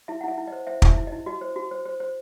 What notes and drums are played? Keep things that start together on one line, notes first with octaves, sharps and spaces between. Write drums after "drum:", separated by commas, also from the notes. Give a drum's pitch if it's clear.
E4 E5
F#5
E4 E5
E4
D#5
C5
C5 E5
E4, drum: kick
E5
E4
D#5
E4
F#4 D#5
C5
F#4
C5
C5
C5